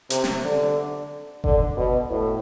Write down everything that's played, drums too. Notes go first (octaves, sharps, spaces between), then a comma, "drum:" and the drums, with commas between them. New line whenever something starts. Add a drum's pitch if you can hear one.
C3, drum: hi-hat
drum: snare
D3
D3, drum: kick F#1
B2
A2